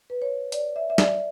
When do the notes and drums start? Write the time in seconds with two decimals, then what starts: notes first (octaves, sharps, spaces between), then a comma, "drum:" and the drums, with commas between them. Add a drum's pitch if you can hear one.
0.10 B4
0.22 C#5
0.52 D5, drum: hi-hat
0.76 E5
0.90 E5
0.98 D5, drum: snare